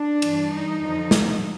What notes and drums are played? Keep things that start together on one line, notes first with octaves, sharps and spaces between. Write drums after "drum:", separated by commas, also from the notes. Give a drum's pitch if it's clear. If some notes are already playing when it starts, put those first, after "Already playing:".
Already playing: D4
G2 E3, drum: cymbal
D#4
F2 D3 F3
drum: snare